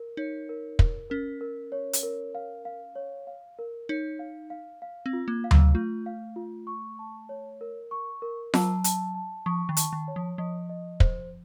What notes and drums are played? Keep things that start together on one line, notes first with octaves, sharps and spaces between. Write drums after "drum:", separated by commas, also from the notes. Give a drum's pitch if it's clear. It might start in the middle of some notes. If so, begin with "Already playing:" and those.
Already playing: A#4
D#4 C#5
A#4
A#4, drum: kick
C#4 A#4
A#4
C#5
drum: hi-hat
A#4
F5
F5
C#5
F5
A#4
D#4 C#5
F5
F5
F5
C4
F4
A#3
F5
F#3, drum: tom D2
A3 F4
F5
F4
C#6
A5
C#5
A#4
C#6
A#4
F#3 A5, drum: snare F4
A5, drum: hi-hat
A5
F3 C#6
D#3
A5, drum: hi-hat
D#3
C#5
F3
F3 D#5
D#5
C5, drum: kick